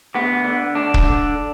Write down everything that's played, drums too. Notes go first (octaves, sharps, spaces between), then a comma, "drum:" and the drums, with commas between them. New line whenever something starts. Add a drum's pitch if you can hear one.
D2 B3
D3
D2 D4
drum: kick
D3